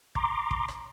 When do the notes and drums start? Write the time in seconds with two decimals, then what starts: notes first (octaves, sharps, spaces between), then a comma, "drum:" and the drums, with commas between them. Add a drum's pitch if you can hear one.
0.15 A#5 C6 D6, drum: kick
0.51 drum: kick
0.68 drum: rim click